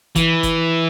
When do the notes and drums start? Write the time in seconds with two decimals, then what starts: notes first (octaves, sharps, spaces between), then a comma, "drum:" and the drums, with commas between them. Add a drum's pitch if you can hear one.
0.15 E3, drum: kick G1, hi-hat
0.43 drum: kick G1, hi-hat